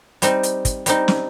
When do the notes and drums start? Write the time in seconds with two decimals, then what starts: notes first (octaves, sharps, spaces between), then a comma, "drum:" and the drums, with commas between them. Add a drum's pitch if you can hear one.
0.22 G3 C4 D#4, drum: hi-hat
0.43 drum: hi-hat
0.65 drum: kick, hi-hat
0.86 G3 C4 D#4, drum: hi-hat
1.08 drum: snare